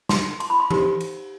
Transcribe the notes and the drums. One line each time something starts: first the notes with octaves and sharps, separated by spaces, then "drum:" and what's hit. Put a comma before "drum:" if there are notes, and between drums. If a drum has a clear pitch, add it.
C6, drum: snare
C6, drum: cymbal
B5
C6
D#4 G4 C5, drum: tom E3
drum: cymbal